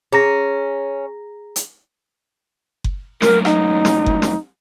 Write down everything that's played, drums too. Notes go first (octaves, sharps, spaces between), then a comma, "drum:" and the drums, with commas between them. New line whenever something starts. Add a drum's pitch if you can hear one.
C#4 G#4 A#5 A#6
drum: hi-hat
drum: kick F#1
F#2 A2 A#4, drum: snare
D#4, drum: rim click
drum: snare
drum: kick F#1
drum: snare